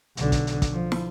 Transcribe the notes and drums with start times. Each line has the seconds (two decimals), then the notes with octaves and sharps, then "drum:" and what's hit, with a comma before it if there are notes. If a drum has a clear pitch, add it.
0.17 B1 D3, drum: hi-hat
0.32 drum: kick, hi-hat
0.47 drum: hi-hat
0.62 drum: kick, hi-hat
0.72 F3
0.92 drum: snare